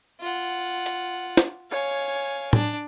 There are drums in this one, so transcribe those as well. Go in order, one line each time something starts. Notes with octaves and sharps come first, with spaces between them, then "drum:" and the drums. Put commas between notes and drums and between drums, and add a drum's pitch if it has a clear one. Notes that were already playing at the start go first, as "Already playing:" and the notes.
F4 F#5
drum: hi-hat
drum: snare
C#5 F5 G#5
D4, drum: tom